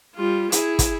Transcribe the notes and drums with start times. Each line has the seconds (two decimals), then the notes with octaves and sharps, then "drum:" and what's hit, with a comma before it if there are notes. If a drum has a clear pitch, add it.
0.16 G3 F4
0.52 E4 G#4, drum: hi-hat
0.79 drum: kick, hi-hat